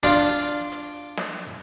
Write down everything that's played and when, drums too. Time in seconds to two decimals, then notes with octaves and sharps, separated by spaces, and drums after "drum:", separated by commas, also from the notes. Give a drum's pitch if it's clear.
0.03 D4 F4, drum: snare
0.26 drum: hi-hat
0.72 drum: hi-hat
1.17 drum: snare